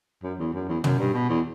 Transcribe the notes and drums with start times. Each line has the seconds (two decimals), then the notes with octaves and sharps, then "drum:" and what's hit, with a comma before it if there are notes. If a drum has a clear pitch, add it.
0.23 F#2
0.39 E2
0.54 F#2
0.68 E2
0.84 F#2, drum: tom
0.99 G2
1.14 B2
1.29 E2